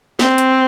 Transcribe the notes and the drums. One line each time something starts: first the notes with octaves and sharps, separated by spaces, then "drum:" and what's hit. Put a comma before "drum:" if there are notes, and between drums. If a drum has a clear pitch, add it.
C4, drum: snare
drum: hi-hat